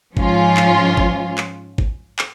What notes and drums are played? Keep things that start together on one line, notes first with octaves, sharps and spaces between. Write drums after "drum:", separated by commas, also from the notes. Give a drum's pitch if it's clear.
G#2 F3 C#4 F4, drum: kick
drum: clap
drum: kick
drum: clap
drum: kick
drum: clap